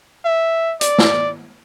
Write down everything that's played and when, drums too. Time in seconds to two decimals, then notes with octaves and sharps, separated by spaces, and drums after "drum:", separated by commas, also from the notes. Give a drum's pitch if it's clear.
0.25 E5
0.81 D5, drum: hi-hat
0.98 drum: snare